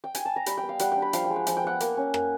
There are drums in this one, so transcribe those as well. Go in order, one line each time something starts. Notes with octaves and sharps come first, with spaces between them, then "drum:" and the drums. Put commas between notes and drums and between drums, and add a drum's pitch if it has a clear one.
G5
G#5, drum: hi-hat
A5
A#5
G3 B5, drum: hi-hat
G5
B3
F5
G3 F#5, drum: hi-hat
D4 G5
B5
F3 F5, drum: hi-hat
G5
G#3
F#5
F3 F#5, drum: hi-hat
G5
B3 F#5
A#3, drum: hi-hat
C#4
A#3, drum: rim click